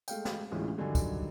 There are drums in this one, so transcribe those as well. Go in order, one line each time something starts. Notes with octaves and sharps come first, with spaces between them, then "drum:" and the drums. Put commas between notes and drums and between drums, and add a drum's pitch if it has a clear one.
G#3 A3 F5 G5, drum: tambourine
drum: snare
A1 D2 E3 G#3 C#4 F4
G2 D3 D#3 F#3 G#5
drum: kick, tambourine